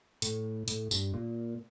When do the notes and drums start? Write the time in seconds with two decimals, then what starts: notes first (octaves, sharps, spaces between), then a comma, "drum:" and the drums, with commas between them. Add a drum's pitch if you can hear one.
0.22 A2, drum: hi-hat
0.68 A2, drum: hi-hat
0.91 G2, drum: tambourine
1.14 A#2